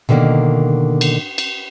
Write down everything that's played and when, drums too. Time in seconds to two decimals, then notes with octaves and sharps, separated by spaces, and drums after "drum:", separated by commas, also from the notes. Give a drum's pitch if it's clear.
0.09 B2 D3 D#3 G3 A#3
1.01 drum: cymbal
1.38 drum: cymbal